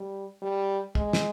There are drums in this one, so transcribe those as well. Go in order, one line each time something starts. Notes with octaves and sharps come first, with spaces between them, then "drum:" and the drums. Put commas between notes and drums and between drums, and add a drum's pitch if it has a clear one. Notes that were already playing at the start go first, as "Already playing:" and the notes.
Already playing: G3
G3
G#3, drum: kick
drum: snare